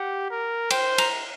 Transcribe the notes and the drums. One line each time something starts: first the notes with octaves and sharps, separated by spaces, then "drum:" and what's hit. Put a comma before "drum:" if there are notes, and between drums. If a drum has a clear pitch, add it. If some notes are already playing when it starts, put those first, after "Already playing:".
Already playing: G4 F#5
A#4
C5 G5, drum: cymbal
A#5, drum: cymbal